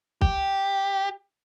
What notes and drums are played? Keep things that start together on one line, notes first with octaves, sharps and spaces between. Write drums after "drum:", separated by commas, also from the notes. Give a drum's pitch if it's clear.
G4, drum: kick